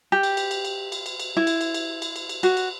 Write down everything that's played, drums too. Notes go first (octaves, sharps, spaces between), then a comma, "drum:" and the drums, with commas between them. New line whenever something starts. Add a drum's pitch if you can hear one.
G4
drum: cymbal
drum: cymbal
drum: cymbal
drum: cymbal
drum: cymbal
drum: cymbal
drum: cymbal
E4
drum: cymbal
drum: cymbal
drum: cymbal
drum: cymbal
drum: cymbal
drum: cymbal
F#4, drum: cymbal
drum: cymbal